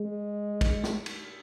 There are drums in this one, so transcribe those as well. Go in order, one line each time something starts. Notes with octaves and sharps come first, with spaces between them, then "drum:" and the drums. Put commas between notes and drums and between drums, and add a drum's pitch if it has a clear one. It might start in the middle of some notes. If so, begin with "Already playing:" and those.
Already playing: G#3
drum: kick, cymbal
drum: snare
drum: cymbal